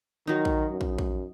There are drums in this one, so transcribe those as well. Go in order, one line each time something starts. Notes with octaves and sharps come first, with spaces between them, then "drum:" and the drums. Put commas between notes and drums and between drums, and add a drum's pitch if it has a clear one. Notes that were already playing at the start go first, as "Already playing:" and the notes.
D#3 F#3 D#4
drum: kick
F#2
drum: kick
drum: kick